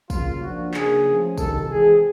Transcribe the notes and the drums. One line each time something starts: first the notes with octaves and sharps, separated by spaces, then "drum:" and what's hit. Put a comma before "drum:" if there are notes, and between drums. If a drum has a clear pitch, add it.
C#3 F#3 A#3 C#4 F4, drum: kick, tambourine
F3 A#3 D4 F#4
C#3 F#3 A#3 D4 G#4, drum: clap
F3 A3 C#4
C3 D#3 F#3 A4, drum: kick, tambourine
E3 G#3 C4 G#4